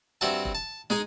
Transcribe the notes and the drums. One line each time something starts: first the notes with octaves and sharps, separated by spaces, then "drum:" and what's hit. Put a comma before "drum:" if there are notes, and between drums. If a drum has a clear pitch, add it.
G2 C4 F#4 E5 A5
drum: kick E1
A5
G#3 D#4 G#4, drum: snare